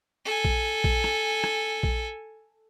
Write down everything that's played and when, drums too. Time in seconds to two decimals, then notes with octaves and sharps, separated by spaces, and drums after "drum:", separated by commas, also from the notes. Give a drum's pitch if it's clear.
0.25 A4 G#5
0.45 drum: kick A#1
0.84 drum: kick A#1
1.04 drum: rim click
1.44 drum: rim click
1.83 drum: kick A#1